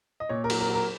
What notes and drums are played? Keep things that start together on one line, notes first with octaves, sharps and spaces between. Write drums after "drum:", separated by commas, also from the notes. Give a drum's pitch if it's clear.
D#5
A#2 C#5
A#4
F#3, drum: cymbal
A#4
F#3
A#4